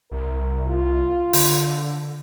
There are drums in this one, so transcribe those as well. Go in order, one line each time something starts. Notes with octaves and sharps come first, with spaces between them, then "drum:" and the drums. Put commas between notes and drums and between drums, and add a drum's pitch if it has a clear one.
C2 A#4
F4
D3, drum: open hi-hat